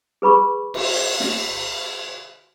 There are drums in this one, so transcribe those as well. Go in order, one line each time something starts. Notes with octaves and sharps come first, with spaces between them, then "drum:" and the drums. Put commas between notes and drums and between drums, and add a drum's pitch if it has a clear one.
G#4 B4 B5 C#6
drum: cymbal
drum: snare